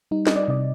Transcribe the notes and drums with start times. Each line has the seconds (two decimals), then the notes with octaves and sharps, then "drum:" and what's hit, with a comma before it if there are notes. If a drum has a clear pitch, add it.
0.11 G3 D#4
0.27 D#5, drum: snare
0.36 D5
0.48 C3 D5